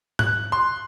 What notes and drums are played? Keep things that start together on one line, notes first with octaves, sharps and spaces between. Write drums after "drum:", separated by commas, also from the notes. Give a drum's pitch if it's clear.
F#6, drum: tom G#2
C6